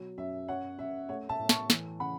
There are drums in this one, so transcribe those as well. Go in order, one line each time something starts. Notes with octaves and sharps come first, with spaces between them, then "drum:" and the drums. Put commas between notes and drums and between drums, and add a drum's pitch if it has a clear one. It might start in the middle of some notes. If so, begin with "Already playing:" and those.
Already playing: B2 F#3
F#2 E5
F#2 C#5 F#5
F#2 E5
A3 C#5 F#5
E5 A5
A2
A5 C#6, drum: snare
E3, drum: snare
C#3 F#5 B5